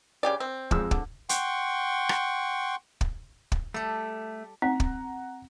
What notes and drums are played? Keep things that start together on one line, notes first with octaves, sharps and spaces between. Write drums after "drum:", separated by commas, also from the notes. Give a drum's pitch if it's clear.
C#3 G4 D5
C4
F2 G#3 E6, drum: kick
D3, drum: kick
F#5 G5 C6 C#6, drum: hi-hat
drum: rim click
drum: kick
drum: kick
G3 A3 A4
C4 F#5 A#5
drum: kick